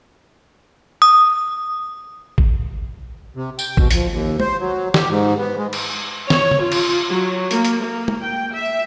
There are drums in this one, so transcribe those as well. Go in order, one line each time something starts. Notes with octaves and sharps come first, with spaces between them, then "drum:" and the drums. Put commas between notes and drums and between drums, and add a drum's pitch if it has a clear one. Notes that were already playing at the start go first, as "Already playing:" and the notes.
D#6
drum: kick A1
C3
G5, drum: tambourine
B2, drum: kick A1
F2, drum: hi-hat
D#2
C5, drum: tom
F#3
G4, drum: snare
G#2
B3
G#3
drum: cymbal
C#5, drum: snare
drum: tom
F4
drum: cymbal
F#3
A#3, drum: hi-hat
drum: hi-hat
A#3
drum: tom
G5
E5